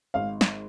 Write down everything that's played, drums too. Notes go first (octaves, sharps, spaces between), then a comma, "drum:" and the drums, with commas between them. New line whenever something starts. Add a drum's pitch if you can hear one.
G#1 F5
drum: snare